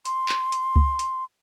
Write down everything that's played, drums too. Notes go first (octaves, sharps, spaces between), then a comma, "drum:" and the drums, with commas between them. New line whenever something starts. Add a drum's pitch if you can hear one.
C6, drum: hi-hat
drum: clap
drum: hi-hat
drum: kick C#2
drum: hi-hat